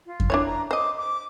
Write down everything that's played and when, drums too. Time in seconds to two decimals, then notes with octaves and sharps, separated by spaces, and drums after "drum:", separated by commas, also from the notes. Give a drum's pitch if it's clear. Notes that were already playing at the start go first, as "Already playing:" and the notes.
0.05 F4
0.20 drum: kick F2
0.30 D4 E4 C#5
0.45 A#5
0.71 C5 D#5 D6
0.97 D6